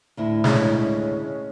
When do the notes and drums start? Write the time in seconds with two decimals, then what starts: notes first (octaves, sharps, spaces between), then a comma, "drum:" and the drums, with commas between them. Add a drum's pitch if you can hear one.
0.17 D2 A2 E4
0.44 G#3 C#4, drum: snare